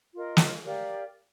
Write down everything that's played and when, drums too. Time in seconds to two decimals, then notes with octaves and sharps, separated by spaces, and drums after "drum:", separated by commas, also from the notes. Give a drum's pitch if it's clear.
0.15 F4 A#4 D#5
0.37 drum: snare
0.64 G4 A#4 D5 F5